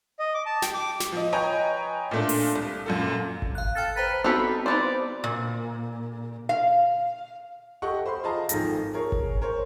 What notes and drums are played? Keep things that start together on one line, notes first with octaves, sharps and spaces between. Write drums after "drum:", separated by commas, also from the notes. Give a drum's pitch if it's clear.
D#5
D6
A5
G5, drum: snare
D6
drum: snare
F3 D#5
B4 C#5 D#5 G5 G#5 A#5
A#2 A3 D4
drum: open hi-hat
C2
F#2 A#2 A4
drum: kick G#1
F5 F#6
A4 G5 F6 A6
B4 C5 A#5 A6
B3 C4 D#4 F#4 G4 A4 B5
D#4 B4 C5 D5
A#2
F5
G4 A4 D#5 F#5 C#6
C5 B5 C6
F4 G#4 D#5 A5 A#5
G#1 D#3 F3 A4 A#6, drum: hi-hat
G#4 A#4 C#5
drum: kick G#1
A#4 C5 C#5